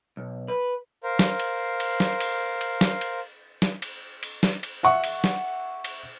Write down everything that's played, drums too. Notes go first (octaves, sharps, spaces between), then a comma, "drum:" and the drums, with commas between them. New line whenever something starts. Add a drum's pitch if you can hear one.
B1
B4
A#4 C5 F5
drum: snare
drum: cymbal
drum: cymbal
drum: snare
drum: cymbal
drum: cymbal
drum: snare
drum: cymbal
drum: snare
drum: cymbal
drum: cymbal
drum: snare
drum: cymbal
E5 F#5 C#6
drum: cymbal
drum: snare
drum: cymbal